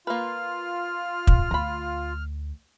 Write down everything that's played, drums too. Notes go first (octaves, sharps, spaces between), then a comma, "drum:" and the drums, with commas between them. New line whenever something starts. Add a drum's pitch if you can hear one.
A#3 F4 B4 F6
drum: kick
D2 A#5 B5